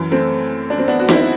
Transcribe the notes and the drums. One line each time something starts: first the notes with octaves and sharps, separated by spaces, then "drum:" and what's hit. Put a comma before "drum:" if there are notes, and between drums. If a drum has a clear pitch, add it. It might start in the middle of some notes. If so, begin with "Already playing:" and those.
Already playing: F#2 E3
A3 C4
D4
C4
B3 D4
F#4
C4 E4, drum: snare